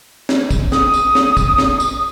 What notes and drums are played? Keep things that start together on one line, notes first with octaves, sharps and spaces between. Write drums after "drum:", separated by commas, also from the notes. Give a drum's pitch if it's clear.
drum: snare
drum: kick, tambourine
D#6, drum: snare
drum: tambourine
drum: snare
drum: kick, tambourine
drum: snare
drum: tambourine